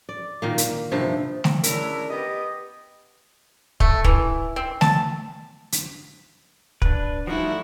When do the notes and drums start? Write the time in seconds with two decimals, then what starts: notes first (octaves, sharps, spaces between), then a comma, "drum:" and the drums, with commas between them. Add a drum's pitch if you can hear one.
0.09 D5
0.42 A#2 D#3 A#3
0.58 drum: hi-hat
0.92 G2 C3 F3 D#4
1.44 drum: snare A3
1.63 C#3 D4 E4 A#4 E5, drum: hi-hat
2.10 B3 G4 D#5
3.80 A3, drum: kick
4.04 E3, drum: kick
4.56 C4
4.81 A5, drum: snare A3
5.72 drum: hi-hat
6.82 D4 B4, drum: kick
7.27 F3 G3 A3 D#4 E4 F#4